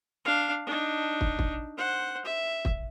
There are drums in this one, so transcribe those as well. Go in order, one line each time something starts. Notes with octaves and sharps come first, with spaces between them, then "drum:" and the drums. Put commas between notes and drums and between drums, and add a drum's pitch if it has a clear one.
D4 F5
D4 D#4
drum: kick
drum: kick
C5 F#5
E5
drum: kick